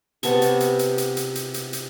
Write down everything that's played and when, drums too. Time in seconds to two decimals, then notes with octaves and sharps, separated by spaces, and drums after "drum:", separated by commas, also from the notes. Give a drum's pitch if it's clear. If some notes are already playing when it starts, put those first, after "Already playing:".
0.23 C3 B3 A5 C#6, drum: hi-hat
0.42 drum: hi-hat
0.60 drum: hi-hat
0.79 drum: hi-hat
0.98 drum: hi-hat
1.17 drum: hi-hat
1.35 drum: hi-hat
1.54 drum: hi-hat
1.73 drum: hi-hat